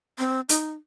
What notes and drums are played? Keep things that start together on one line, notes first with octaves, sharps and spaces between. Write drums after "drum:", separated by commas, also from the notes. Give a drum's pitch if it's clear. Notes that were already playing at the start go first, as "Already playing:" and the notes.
C4
D#4, drum: hi-hat